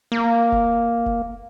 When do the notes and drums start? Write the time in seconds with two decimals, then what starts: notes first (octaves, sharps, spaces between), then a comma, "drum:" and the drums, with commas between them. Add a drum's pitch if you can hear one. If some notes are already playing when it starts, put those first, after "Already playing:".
0.12 A#3
0.52 drum: kick F1
1.06 drum: kick F1